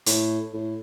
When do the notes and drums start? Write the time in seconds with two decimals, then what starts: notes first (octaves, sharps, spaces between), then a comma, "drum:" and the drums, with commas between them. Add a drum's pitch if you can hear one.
0.06 A2, drum: hi-hat
0.54 A2